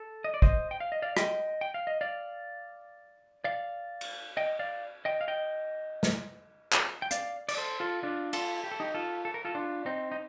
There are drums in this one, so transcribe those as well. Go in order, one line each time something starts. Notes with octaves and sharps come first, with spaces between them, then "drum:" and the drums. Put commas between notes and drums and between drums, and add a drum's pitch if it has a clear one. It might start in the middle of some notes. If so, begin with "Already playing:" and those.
Already playing: A4
D#5
D5
C5 D#5, drum: kick
G5
F5
D#5
D5 F5
D#5 G5, drum: rim click
G5
F5
D#5
D5 F5
D5 F5
drum: cymbal
D#5 G5
D5 F5
D#5 G5
F5
D#5 G5
drum: snare
drum: clap
G5
D5 F5, drum: hi-hat
D5, drum: cymbal
A4 C5
F4 A4
D4 F4
F4 A4, drum: cymbal
G4
A4
D#4 G4
F4 A4
A4
A#4
F4 A4
D4 F4
C4 D#4
D#4